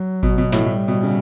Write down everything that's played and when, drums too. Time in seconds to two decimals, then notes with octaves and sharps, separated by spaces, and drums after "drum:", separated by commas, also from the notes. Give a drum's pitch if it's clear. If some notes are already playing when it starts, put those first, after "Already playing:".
Already playing: F#3
0.23 B2, drum: kick G#1
0.38 B2
0.52 A2, drum: snare
0.66 A2 G3
0.88 B2
1.03 C#3